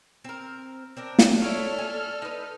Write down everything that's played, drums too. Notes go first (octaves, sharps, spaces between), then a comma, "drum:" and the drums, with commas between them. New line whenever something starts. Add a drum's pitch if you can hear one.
C4 A#4
C4 D4 A#4
drum: snare
A3 E4 A4 C#5 D5 F6
G#5
D#4 B4